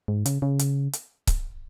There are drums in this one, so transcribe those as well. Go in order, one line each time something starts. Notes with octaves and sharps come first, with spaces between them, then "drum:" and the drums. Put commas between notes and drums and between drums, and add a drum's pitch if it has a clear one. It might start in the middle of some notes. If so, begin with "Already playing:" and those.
G#2
C#3, drum: hi-hat
C#3
drum: hi-hat
drum: hi-hat
drum: kick C#1, hi-hat